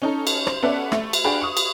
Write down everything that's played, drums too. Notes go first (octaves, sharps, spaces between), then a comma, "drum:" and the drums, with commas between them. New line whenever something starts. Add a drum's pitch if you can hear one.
C#4 D#4 A4
drum: cymbal
C5, drum: rim click
B3 C#4 A4 D5 E5 F#5
A3, drum: rim click
drum: cymbal
D4 F#4 G#4 F5 G5 B5
C#6 D#6
drum: cymbal